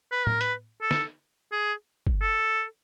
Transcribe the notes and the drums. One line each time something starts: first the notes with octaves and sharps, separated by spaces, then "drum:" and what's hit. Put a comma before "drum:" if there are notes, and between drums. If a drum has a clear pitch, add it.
B4
A#4, drum: tom A2
B4, drum: hi-hat
A4
drum: snare
G#4
drum: kick G1
A4